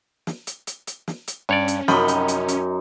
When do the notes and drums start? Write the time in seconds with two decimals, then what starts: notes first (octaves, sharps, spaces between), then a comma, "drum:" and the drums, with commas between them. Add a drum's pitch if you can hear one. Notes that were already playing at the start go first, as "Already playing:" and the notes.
0.27 drum: snare
0.47 drum: hi-hat
0.67 drum: hi-hat
0.87 drum: hi-hat
1.08 drum: snare
1.28 drum: hi-hat
1.49 G2 C#4 C#5 D5
1.68 drum: hi-hat
1.88 F#2 C3 F3 D#4 D#5 G5 B5, drum: snare
2.08 drum: hi-hat
2.28 drum: hi-hat
2.49 drum: hi-hat